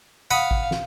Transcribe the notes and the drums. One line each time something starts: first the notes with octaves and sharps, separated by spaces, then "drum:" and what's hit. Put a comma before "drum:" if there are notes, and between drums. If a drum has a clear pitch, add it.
F5 F#5 B5 D#6
drum: kick G#1
drum: snare